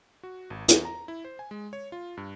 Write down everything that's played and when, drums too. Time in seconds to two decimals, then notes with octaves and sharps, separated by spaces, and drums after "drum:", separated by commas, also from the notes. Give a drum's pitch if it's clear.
0.23 F#4
0.50 G#1
0.68 E2, drum: hi-hat
0.85 A#5
1.08 E4
1.25 C5
1.39 G#5
1.51 G#3
1.73 C#5
1.92 F4
2.17 G2